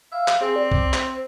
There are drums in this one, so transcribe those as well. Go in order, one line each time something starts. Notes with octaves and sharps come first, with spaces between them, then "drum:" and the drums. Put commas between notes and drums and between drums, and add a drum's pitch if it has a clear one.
E5 F5
drum: clap
C4 G#4
D5
drum: kick B1
C5, drum: clap